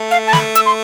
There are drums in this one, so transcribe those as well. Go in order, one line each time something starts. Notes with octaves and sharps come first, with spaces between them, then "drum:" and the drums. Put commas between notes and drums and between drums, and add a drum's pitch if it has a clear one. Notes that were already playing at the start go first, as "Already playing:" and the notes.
Already playing: A3
F5
A5
B5, drum: snare
E6, drum: hi-hat
C6